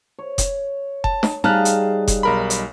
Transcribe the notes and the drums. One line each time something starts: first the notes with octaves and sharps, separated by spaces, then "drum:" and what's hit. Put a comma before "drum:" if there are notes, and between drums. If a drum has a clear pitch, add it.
C#5
drum: kick F1, hi-hat
A5, drum: kick F1
drum: snare
G3 D#4 G#4 F5 A5 F6 F#6
drum: hi-hat
drum: kick F1, hi-hat
B1 A#4 B5
drum: hi-hat